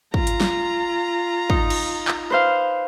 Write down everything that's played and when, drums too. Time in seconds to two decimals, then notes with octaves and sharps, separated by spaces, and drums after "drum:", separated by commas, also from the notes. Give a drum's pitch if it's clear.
0.14 F4 A#5, drum: kick
0.27 drum: hi-hat
0.41 drum: snare
1.50 D#4, drum: kick
1.70 drum: cymbal
2.08 drum: clap
2.30 B4 C5 F5